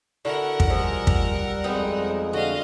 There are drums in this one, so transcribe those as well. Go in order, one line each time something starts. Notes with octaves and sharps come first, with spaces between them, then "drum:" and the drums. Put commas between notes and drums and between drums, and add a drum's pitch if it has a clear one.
D3 E4 F#4 A#4 F#5
drum: kick
F3 G3 G#3 E6
drum: kick
F2 G#3 B3 C4 D#4
D3 F#4 D#5 F5